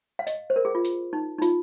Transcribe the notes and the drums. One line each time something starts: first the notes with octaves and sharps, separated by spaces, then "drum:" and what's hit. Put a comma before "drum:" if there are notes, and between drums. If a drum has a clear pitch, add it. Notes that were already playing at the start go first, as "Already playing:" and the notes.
F5
D#5, drum: hi-hat
C5
A#4
G#4
F4
drum: hi-hat
D#4
D#4
F4, drum: hi-hat